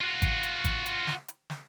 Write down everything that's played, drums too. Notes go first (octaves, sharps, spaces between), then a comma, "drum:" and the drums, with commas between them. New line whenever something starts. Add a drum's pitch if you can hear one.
F4 F#4
drum: kick G#1, hi-hat
drum: hi-hat
drum: kick G#1, hi-hat
drum: hi-hat
drum: snare
drum: hi-hat
drum: snare